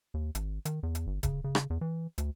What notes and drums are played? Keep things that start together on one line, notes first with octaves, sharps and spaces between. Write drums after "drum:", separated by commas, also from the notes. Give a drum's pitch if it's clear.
D#2
G#1, drum: hi-hat
D#3, drum: hi-hat
E2
drum: hi-hat
G1
C#3, drum: kick D1, hi-hat
C#3
drum: rim click
E2
E3
D2, drum: hi-hat